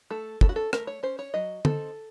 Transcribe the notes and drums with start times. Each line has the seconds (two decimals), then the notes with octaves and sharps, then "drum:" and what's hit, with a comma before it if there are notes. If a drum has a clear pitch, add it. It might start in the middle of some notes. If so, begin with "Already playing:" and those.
0.10 A3 A4
0.41 C#4 A4, drum: kick
0.49 F#4
0.56 A4
0.73 A3 A#4, drum: rim click
0.87 C#5
1.03 C#4 C5
1.19 C#5
1.34 F#3 D#5
1.65 C4 D#4 A4, drum: tom